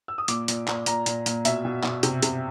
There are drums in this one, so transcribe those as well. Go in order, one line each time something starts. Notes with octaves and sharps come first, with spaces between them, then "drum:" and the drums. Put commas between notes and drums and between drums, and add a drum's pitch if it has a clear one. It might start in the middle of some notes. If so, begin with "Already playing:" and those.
E6
D#6
A#2 D6, drum: hi-hat
A#2, drum: hi-hat
A#2, drum: clap
A#2 A#5, drum: hi-hat
A#2, drum: hi-hat
A#2, drum: hi-hat
B2 E5, drum: hi-hat
B2
B2, drum: clap
C3, drum: hi-hat
C3, drum: hi-hat